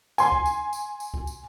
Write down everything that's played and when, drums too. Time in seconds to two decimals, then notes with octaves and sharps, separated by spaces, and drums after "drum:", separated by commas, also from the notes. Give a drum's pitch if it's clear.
0.18 G#5 C6, drum: tambourine
0.32 drum: kick C2
0.46 drum: tambourine
0.73 drum: tambourine
1.00 drum: tambourine
1.14 drum: kick C2
1.27 drum: tambourine